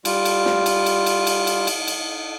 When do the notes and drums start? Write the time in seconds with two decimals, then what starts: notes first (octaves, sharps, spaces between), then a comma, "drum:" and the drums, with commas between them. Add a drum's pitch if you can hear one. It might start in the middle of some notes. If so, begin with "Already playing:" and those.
0.05 G3 F4, drum: cymbal
0.25 drum: cymbal
0.46 drum: snare
0.66 drum: cymbal
0.86 drum: cymbal
1.06 drum: cymbal
1.27 drum: cymbal
1.47 drum: cymbal
1.67 drum: cymbal
1.87 drum: cymbal